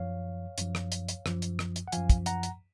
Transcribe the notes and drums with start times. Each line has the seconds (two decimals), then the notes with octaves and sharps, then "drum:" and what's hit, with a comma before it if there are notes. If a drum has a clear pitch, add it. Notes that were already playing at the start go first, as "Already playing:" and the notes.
Already playing: F#2 F3 C#5 F5
0.58 F#2 F3, drum: hi-hat
0.75 drum: rim click
0.92 drum: hi-hat
1.08 drum: hi-hat
1.26 F#2 F3, drum: rim click
1.42 drum: hi-hat
1.59 drum: rim click
1.76 drum: hi-hat
1.88 F#5
1.92 F#2 F3 F5 G#5, drum: hi-hat
2.10 drum: kick, hi-hat
2.26 F#5 A#5, drum: hi-hat
2.43 drum: hi-hat